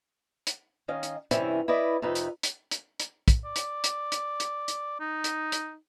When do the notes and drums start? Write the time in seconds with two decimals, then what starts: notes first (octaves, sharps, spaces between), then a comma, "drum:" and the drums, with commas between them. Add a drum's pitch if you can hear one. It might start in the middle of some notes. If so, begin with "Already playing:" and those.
0.47 drum: hi-hat
0.88 D#3 C#4 D#5 F5
1.03 drum: hi-hat
1.31 G2 C3 E3 C#4 E4, drum: hi-hat
1.68 E4 B4 D5 D#5
2.02 F2 C3 D#4 B4
2.15 drum: hi-hat
2.43 drum: hi-hat
2.71 drum: hi-hat
3.00 drum: hi-hat
3.28 drum: kick, hi-hat
3.45 D5
3.56 drum: hi-hat
3.84 drum: hi-hat
4.12 drum: hi-hat
4.40 drum: hi-hat
4.68 drum: hi-hat
5.00 D#4
5.24 drum: hi-hat
5.52 drum: hi-hat